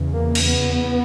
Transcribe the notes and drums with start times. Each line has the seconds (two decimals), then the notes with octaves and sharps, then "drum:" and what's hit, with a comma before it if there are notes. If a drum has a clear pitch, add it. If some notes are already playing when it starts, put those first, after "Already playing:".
Already playing: E2 C#3
0.14 A#3
0.35 drum: cymbal
0.46 B3